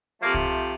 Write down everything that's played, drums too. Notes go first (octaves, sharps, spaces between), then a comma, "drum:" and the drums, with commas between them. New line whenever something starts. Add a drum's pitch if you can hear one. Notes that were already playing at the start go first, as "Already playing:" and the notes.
C3 F3 A3 A#3
drum: kick C2